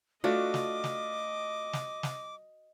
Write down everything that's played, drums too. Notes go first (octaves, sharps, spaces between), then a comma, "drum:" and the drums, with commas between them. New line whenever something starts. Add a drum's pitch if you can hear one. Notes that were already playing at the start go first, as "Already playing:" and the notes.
A3 D4 F4 F#4 D#5 D6
drum: snare
drum: snare
drum: snare
drum: snare